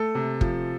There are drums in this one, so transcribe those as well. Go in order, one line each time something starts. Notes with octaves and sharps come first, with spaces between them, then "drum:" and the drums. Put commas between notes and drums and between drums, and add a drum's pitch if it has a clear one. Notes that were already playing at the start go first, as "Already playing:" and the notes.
Already playing: A3 A4
C3
F3, drum: kick